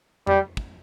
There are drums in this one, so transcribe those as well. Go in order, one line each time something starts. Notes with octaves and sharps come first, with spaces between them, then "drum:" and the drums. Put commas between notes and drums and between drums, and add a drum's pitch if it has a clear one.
G3, drum: tom E2
drum: kick